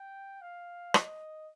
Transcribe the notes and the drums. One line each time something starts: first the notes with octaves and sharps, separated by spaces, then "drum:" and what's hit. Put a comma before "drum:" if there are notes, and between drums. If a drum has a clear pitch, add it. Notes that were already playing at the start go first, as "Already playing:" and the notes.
Already playing: G5
F5
D#5, drum: rim click